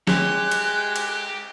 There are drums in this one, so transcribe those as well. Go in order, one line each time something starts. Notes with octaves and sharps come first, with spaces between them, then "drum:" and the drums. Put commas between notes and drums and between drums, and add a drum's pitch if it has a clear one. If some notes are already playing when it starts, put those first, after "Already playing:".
G#3 G4 F#6, drum: snare
drum: cymbal
drum: cymbal